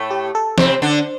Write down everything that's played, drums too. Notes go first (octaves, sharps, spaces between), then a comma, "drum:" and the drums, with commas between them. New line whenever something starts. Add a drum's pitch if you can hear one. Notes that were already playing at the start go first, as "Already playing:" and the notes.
Already playing: A2 A3
G4
A4
C3 C4 C5, drum: snare
D3 D4